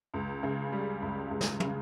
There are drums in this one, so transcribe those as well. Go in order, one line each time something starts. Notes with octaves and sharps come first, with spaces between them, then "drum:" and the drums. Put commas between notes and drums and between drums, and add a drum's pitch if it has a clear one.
C#2
C#3
G3
C#2
C#2
drum: snare
C#3, drum: tom